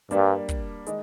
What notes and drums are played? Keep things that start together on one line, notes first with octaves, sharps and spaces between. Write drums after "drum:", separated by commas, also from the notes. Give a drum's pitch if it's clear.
G2 G3 A#3 D4, drum: hi-hat
drum: kick, hi-hat
D#3 G#3 D#4, drum: hi-hat